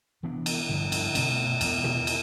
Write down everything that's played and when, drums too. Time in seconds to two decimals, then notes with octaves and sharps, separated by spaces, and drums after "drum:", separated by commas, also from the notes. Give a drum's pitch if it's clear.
0.23 C3 E3 B3 D4
0.46 drum: cymbal
0.69 G2 D3 F3 B3
0.92 drum: cymbal
1.15 B2 A3 C4, drum: cymbal
1.61 E2 B2 B3, drum: cymbal
1.84 drum: tom
2.07 drum: cymbal